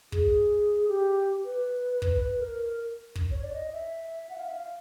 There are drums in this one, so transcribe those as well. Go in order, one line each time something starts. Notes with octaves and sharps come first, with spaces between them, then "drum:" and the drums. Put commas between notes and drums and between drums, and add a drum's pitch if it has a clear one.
G#4, drum: kick
G4
B4
drum: kick
A#4
drum: kick
C#5
D5
D#5
E5
F#5
F5
E5
F5